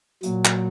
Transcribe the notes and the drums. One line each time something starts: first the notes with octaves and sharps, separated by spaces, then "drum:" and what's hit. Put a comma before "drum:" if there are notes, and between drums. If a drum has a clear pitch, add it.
A#2 F#3, drum: hi-hat
drum: clap